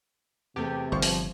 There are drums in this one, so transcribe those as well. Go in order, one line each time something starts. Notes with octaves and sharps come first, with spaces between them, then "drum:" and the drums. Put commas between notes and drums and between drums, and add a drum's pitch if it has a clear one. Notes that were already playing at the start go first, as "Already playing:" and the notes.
E2 C3 A3 G4
G1 F3 C5 C#6
drum: open hi-hat